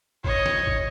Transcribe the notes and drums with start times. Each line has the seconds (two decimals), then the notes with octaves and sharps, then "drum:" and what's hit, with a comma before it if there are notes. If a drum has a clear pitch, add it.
0.24 C#5 D#5, drum: kick
0.46 drum: snare
0.67 drum: kick